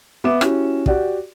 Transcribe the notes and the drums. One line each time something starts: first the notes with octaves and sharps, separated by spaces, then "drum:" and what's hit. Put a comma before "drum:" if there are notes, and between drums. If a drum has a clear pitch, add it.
B3 E5 D6 E7
C#4 E4 F#4 G4, drum: rim click
F#4 G4 D5 F#5, drum: kick